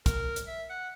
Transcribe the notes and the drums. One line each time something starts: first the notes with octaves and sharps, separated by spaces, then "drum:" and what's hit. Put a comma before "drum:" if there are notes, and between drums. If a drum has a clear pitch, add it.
A#4, drum: kick, hi-hat
drum: hi-hat
E5
F#5